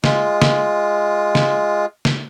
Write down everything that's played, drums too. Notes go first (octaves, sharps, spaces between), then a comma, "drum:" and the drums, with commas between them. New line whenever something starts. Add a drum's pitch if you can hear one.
G#3 F4, drum: snare
drum: snare
drum: snare
drum: snare